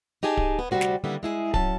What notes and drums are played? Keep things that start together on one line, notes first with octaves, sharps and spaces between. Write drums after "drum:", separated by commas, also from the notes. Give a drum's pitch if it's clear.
D#4 G4 G#4 G#5 A5
drum: kick D1
B3
D2 C3 G3 A#3 F#4 C5
drum: snare
D3 D#3 G3 A#3 B3 E4
G#3 E4 G#4
F#3 C#4 A5, drum: kick D1